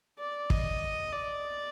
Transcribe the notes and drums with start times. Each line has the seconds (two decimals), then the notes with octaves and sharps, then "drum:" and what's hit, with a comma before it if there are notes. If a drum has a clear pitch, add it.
0.19 D5
0.50 D#5, drum: kick
1.12 D5